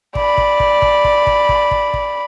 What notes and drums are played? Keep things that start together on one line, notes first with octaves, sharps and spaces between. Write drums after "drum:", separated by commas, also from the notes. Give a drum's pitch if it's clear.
D5 B5, drum: kick
drum: kick
drum: kick
drum: kick
drum: kick
drum: kick
drum: kick
drum: kick
drum: kick